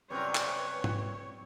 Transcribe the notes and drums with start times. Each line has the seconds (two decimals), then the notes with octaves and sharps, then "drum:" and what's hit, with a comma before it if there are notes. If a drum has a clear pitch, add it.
0.10 F#2 C3 G3 C4 A#4 B4 C#5
0.35 drum: clap
0.84 drum: tom G#2